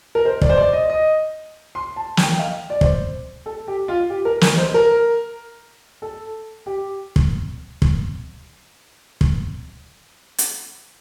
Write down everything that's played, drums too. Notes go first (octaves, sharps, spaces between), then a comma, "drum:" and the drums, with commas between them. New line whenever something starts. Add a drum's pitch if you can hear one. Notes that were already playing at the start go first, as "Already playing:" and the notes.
A#4
C5
D5, drum: kick
C5
D5
D#5
D#5
C6
A5
G5, drum: snare
G5
F5
D5
C5, drum: kick
A4
G4
F4
G4
A#4
A#4, drum: snare
C5
A#4
A4
G4
drum: kick
drum: kick
drum: kick
drum: hi-hat